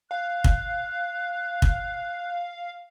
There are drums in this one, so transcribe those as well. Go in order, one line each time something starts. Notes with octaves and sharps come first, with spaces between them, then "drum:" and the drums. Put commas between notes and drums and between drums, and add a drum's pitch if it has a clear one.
F5 F#6
drum: kick
drum: kick